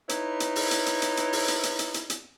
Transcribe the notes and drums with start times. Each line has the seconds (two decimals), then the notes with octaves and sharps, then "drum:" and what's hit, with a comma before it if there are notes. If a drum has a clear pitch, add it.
0.09 D#4 E4 B4 C#5, drum: hi-hat
0.40 drum: hi-hat
0.56 drum: open hi-hat
0.71 drum: hi-hat
0.86 drum: hi-hat
1.02 drum: hi-hat
1.17 drum: hi-hat
1.33 drum: open hi-hat
1.48 drum: hi-hat
1.63 drum: hi-hat
1.79 drum: hi-hat
1.94 drum: hi-hat
2.10 drum: hi-hat